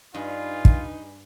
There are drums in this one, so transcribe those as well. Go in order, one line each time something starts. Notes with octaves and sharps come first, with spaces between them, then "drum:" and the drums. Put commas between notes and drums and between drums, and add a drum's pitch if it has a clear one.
G2 D#4 F4 B4 G#5
drum: kick